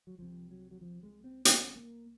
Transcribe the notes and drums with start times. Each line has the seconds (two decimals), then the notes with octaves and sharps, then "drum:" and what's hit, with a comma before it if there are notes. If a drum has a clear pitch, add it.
0.07 F#3
0.18 C2 C3 F3
0.51 F#3
0.71 F#3
0.81 F3
1.03 G#3
1.24 C4
1.45 C#4, drum: hi-hat
1.76 A#3